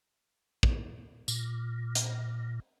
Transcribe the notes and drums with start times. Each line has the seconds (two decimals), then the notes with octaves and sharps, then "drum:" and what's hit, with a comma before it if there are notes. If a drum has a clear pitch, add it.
0.63 drum: kick
1.28 A#2, drum: tambourine
1.95 drum: hi-hat